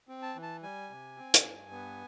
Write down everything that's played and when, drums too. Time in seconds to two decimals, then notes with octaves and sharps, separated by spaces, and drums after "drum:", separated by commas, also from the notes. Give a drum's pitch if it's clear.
0.08 C4
0.22 A5
0.36 E3
0.42 A5
0.63 G3 G#5
0.90 C3
1.17 C4
1.34 drum: hi-hat
1.44 G2
1.71 B3